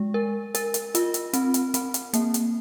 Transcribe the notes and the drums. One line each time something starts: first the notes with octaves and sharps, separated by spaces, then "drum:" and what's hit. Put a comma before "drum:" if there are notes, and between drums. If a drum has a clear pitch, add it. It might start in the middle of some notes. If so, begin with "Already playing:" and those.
Already playing: G#3
A#4
A#4, drum: hi-hat
drum: hi-hat
F4, drum: hi-hat
drum: hi-hat
C4, drum: hi-hat
drum: hi-hat
C4, drum: hi-hat
drum: hi-hat
A#3, drum: hi-hat
drum: hi-hat